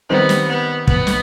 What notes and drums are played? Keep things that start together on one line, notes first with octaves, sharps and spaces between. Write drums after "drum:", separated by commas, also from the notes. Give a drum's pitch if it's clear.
D#3 G3 B3 C4
drum: snare
B3
B3, drum: kick
drum: snare